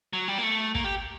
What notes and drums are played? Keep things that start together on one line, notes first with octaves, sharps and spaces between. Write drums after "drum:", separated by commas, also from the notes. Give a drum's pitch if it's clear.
F#3
G3
A#3
A3
A#3, drum: kick
G4